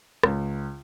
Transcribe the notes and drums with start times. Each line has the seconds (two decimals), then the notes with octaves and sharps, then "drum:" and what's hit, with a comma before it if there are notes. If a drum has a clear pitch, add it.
0.23 C#2, drum: rim click